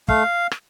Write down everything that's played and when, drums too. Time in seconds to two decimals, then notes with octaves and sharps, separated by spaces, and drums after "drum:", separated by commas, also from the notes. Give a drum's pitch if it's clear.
0.08 A3 F5, drum: kick
0.51 drum: rim click